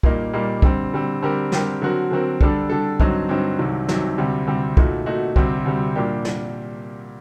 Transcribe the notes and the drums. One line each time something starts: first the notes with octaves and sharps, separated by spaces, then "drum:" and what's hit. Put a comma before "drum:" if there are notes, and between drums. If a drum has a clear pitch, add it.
A#2 G3 A#3 D#4, drum: kick
A#2 G3 A#3 D#4
D3 G3 C4, drum: kick
D3 G3 C4
D3 G3 C4 G4 A#4
D3 G3 C4 G4 A#4, drum: snare
D3 F#3 C4 F#4 A#4
D3 F#3 C4 F#4 A#4
D3 G3 D4 A4, drum: kick
D3 G3 D4 A4
G2 D3 F#3 C4 D#4, drum: kick
G2 D3 F#3 C4 D#4
C2 C3 D#3 F#3
C2 C3 D#3 F#3, drum: snare
D2 C3 G3 C4
D2 C3 G3 C4
A#2 A3 D#4 F#4, drum: kick
A#2 A3 D#4 F#4
D2 C3 G3 C4, drum: kick
D2 C3 G3 C4
A#2 G3 A#3 D4 G4
drum: snare